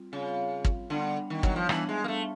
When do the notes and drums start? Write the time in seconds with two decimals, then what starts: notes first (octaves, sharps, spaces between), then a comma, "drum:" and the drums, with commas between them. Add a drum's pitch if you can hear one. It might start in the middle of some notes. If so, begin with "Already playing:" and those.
Already playing: G3 C4 F4
0.12 C#3 G3 C4 F4
0.65 drum: kick
0.90 D3 G3 B3 D4
1.30 D#3
1.43 F#3, drum: kick
1.56 F3
1.69 E3 G3 B3 D4, drum: rim click
1.89 G#3
2.04 A#3
2.08 A3